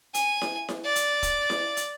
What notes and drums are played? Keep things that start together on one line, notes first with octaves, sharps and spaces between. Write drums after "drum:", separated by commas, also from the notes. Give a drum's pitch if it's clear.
G#5, drum: hi-hat
drum: snare E4
drum: snare E4
D5
drum: hi-hat
drum: kick, hi-hat
drum: snare E4
drum: hi-hat